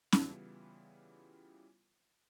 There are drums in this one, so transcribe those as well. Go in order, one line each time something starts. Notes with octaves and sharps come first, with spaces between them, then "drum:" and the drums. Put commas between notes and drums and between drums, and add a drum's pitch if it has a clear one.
C#3 E3 G3 B3 E4 F4, drum: snare C#4